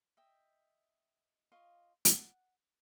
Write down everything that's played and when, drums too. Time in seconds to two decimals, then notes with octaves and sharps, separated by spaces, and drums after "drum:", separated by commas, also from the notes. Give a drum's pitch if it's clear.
0.17 D#5 E5 G5
1.52 F4 D#5 F5 C#6
2.05 F#5, drum: hi-hat